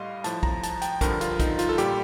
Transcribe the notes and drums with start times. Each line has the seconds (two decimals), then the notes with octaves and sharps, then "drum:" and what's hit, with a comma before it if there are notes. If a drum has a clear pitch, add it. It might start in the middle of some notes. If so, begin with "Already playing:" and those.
Already playing: A2 G3 D#5 F5 C6
0.24 A2 F3 A5, drum: hi-hat
0.43 A#5, drum: kick
0.63 A5, drum: hi-hat
0.82 G5, drum: hi-hat
1.01 G2 D3 F3 A#4, drum: kick, hi-hat
1.21 F4, drum: hi-hat
1.40 D#4, drum: kick, hi-hat
1.59 F4, drum: hi-hat
1.69 A4
1.78 A#2 G3 G4, drum: hi-hat